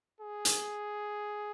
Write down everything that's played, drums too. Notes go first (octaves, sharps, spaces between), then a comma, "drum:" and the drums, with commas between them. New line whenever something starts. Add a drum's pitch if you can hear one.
G#4
drum: hi-hat